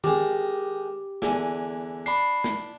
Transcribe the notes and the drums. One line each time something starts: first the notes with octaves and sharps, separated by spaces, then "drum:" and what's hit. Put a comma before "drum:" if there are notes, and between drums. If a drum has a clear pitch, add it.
D#3 G#3 G4, drum: tom D#3
E2 D3 G#5, drum: snare
D4 B5 C7
drum: snare